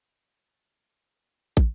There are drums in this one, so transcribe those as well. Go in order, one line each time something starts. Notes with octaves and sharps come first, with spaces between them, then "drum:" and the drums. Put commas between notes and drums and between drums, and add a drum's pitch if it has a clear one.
D#4 A#5 C#6
drum: kick